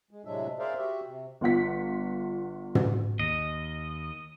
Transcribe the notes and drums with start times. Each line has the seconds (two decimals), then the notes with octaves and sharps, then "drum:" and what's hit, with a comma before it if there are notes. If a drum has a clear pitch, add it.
0.11 G#3
0.25 A2 C3 F#3 G#3 D4 E5
0.59 G#4 A#4 C5 D5 E5 F5
0.78 F#4 G4 E5
1.06 C3
1.41 G1 F4 F#5 B6
2.75 drum: tom
3.19 D#2 D#5